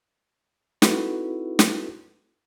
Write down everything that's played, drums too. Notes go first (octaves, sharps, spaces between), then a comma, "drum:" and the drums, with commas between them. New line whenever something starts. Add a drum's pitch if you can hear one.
C4 D#4 E4 F#4 A4 B4, drum: snare
drum: snare